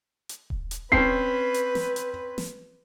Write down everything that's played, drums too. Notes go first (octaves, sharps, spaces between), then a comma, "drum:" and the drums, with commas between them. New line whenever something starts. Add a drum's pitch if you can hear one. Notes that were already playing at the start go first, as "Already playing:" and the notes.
drum: hi-hat
drum: kick D#1
drum: hi-hat
C4 C#4 B4 C7, drum: kick D#1
drum: hi-hat
drum: snare
drum: hi-hat
drum: snare